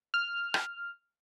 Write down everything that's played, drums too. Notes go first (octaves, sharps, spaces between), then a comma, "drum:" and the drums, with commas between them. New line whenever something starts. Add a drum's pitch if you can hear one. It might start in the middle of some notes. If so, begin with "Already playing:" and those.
F6
drum: rim click